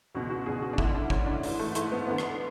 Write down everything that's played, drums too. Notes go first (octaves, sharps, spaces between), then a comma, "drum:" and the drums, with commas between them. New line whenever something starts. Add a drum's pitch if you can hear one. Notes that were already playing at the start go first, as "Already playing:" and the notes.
C#2 B2 F#4
F#4
C#2 B2 G#4
F#4
D4
D2 D3 E4, drum: kick
D4
D2 D3 C#4, drum: kick
D4
G#2 E3, drum: open hi-hat
A3
G#2 E3 A3, drum: hi-hat
B3
D2 D3 B3
drum: rim click